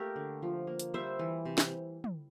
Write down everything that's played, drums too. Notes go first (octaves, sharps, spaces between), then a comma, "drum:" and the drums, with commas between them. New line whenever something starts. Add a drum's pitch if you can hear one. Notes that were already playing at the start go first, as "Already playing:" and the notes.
Already playing: A3 A#3 G4 A#4
D3
F3
A#3
drum: hi-hat
G3 C5 E5
E3
C3
drum: snare
drum: tom